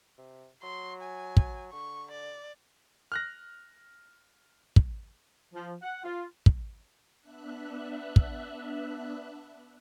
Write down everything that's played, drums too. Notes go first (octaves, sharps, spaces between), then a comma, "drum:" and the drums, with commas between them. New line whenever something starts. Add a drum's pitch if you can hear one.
C3
F#3 C6
G#5
drum: kick
D3 C#6
D5
F6 F#6 A#6
drum: kick
F3
F#5
F4
drum: kick
B3 D4 E5 F#6
drum: kick